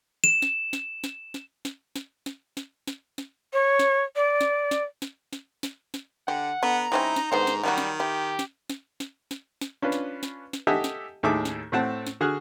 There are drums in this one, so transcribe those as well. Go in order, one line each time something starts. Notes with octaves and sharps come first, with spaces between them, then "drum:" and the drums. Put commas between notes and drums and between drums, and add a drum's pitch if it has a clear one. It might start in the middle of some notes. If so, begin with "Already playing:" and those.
E7
drum: snare
drum: snare
drum: snare
drum: snare
drum: snare
drum: snare
drum: snare
drum: snare
drum: snare
drum: snare
C#5
drum: snare
D5
drum: snare
drum: snare
drum: snare
drum: snare
drum: snare
drum: snare
D3 G4 F#5
D3 B3 A#5
G3 C4 C#4 D#4 E4
drum: snare
G#2 D3 D#3 B3 C5
drum: snare
D#3 F#3 G3 E4 F#4
drum: snare
E4 G4
drum: snare
drum: snare
drum: snare
drum: snare
drum: snare
C#4 D4 F4 B4
drum: snare
drum: snare
drum: snare
G4 A4 D#5 E5 F#5 G#5
drum: snare
D#2 A2 G#4 A4 E5 D6
drum: snare
A2 A3 C4 F#5 A5
drum: snare
D3 F#4 G#4 F#5 F6 F#6